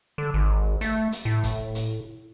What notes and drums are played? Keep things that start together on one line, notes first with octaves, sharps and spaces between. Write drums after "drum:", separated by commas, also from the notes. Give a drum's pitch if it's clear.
D3
G#1
A3, drum: hi-hat
drum: hi-hat
A2
drum: kick E1, hi-hat
drum: hi-hat